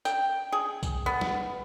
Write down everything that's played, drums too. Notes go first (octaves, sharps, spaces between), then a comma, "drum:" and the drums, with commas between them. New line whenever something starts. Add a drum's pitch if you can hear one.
G5, drum: tambourine
G#4
drum: kick C2, tambourine
B3
drum: snare